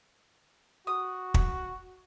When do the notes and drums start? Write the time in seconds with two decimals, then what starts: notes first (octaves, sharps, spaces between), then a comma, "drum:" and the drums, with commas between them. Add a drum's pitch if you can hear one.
0.87 F#4 D#6
1.34 drum: kick